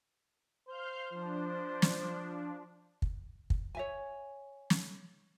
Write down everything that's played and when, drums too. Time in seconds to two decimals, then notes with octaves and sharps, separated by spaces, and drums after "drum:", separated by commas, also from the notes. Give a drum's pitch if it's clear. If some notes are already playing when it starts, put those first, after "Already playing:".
0.68 C5 F5 F6 G6
1.10 F3 D4
1.82 drum: snare
3.02 drum: kick
3.50 drum: kick
3.75 C#5 E5 G#5
4.70 drum: snare